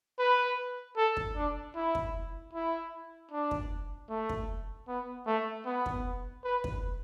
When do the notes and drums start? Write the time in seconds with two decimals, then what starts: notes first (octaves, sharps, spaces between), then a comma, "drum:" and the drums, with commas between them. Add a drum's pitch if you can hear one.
0.19 B4
0.97 A4
1.17 drum: kick
1.36 D4
1.75 E4
1.95 drum: kick
2.54 E4
3.32 D4
3.51 drum: kick
4.10 A3
4.29 drum: kick
4.88 B3
5.27 A3
5.66 B3
5.86 drum: kick
6.44 B4
6.64 drum: kick